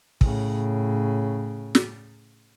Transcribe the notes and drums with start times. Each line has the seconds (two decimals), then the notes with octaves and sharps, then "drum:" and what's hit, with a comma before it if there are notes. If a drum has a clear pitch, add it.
0.21 A2 C#3, drum: kick
1.75 drum: snare